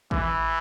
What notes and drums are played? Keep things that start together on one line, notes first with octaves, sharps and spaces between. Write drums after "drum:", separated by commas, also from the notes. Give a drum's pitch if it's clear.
E3, drum: kick